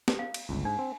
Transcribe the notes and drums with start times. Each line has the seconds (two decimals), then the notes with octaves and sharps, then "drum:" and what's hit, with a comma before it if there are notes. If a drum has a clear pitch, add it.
0.08 drum: snare
0.19 F5
0.34 drum: cymbal
0.49 G1 C#2
0.65 G#2 D4
0.79 C4